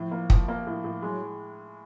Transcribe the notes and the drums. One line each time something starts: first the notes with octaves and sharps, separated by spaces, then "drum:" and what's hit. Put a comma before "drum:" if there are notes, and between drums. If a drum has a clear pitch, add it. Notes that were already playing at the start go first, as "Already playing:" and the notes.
Already playing: A2 F3
A#3
F3, drum: kick
A#3
A2
A2
F#3 G#3